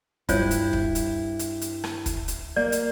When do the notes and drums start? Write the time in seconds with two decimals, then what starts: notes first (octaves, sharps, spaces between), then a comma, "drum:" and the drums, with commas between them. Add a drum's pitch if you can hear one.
0.29 G2 E4 F4 C5 C#5, drum: kick, hi-hat
0.51 drum: hi-hat
0.73 drum: kick
0.95 drum: hi-hat
1.39 drum: hi-hat
1.61 drum: hi-hat
1.84 drum: rim click
2.06 drum: kick, hi-hat
2.28 drum: hi-hat
2.56 A#3 D5
2.72 drum: hi-hat